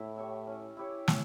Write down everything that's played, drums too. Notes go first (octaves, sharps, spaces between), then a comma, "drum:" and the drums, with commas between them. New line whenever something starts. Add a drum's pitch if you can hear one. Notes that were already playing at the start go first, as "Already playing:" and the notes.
Already playing: A2 E4
G4 C#5 E5
C#4
E4 G4 C#5
C#4, drum: snare